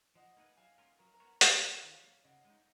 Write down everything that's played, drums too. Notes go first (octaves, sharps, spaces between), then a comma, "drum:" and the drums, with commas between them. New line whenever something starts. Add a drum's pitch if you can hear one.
F3 D#5 F#5
A#3 D#4 G#4 B4
F#3 F5 G#5
A#3 C#4 F4 A#4
F#3 A#4
A#4
B3 F#4 C#5
F3, drum: hi-hat
A#3 D#4 A#4 C#5
D#3 C#5 F5
F#3 A#3
C#3 D#5 F#5
G#3
D#4